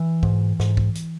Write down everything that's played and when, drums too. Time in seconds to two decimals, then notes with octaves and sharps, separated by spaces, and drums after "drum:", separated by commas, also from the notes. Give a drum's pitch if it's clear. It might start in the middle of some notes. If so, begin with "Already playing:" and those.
Already playing: E3
0.23 G#2, drum: kick
0.60 G#2, drum: snare
0.77 drum: kick
0.95 drum: hi-hat